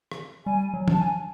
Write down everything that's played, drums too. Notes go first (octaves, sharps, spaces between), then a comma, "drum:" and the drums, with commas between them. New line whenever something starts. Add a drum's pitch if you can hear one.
drum: rim click
G3 G#5
F#3
A5, drum: tom
G#5